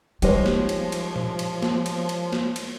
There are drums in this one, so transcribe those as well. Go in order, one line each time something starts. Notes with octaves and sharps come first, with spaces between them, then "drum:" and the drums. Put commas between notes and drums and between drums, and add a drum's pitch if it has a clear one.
F3 G3 G#3 D#4 F4 G4 C5 C#5, drum: cymbal
drum: snare
drum: cymbal
drum: cymbal
drum: tom A#2
drum: cymbal
drum: snare
drum: cymbal
drum: cymbal
drum: snare
drum: cymbal